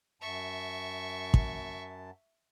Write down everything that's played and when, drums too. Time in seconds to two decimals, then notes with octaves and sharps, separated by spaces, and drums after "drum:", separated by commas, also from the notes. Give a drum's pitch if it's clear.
0.22 F#2 E5 A5 C#6
1.34 drum: kick